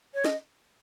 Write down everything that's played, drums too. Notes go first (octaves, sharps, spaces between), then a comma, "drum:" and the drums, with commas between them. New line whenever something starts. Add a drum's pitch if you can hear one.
C#5
D#5, drum: snare